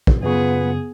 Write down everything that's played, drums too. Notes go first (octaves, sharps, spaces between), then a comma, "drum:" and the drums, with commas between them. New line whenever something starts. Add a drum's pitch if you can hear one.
drum: kick
F#2 C#3 B3 F4 G#4 B4 F#5